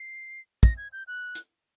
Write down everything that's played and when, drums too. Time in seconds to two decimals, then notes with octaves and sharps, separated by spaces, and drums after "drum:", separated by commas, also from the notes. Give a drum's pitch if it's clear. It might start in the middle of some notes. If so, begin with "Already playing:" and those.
Already playing: C7
0.63 A#6, drum: kick
0.77 G#6
0.93 G6
1.07 F#6
1.35 drum: hi-hat